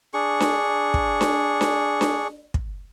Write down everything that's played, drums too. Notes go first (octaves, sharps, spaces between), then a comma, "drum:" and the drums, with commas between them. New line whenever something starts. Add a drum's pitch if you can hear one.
D4 G#4 C#6
drum: snare D4
drum: kick
drum: snare D4
drum: snare D4
drum: snare D4
drum: kick